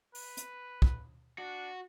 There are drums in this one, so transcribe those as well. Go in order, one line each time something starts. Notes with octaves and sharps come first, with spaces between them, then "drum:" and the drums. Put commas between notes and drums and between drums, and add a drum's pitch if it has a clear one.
B4, drum: open hi-hat
drum: hi-hat
drum: kick
D4 F#4